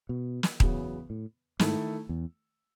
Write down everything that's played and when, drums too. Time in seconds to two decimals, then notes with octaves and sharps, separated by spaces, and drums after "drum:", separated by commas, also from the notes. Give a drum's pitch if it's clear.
0.09 B2
0.43 drum: snare
0.60 E2 C#3 F#3 B3, drum: kick D#1
1.10 A2
1.59 G#2 D#3 A3 E4 A4, drum: snare
2.09 E2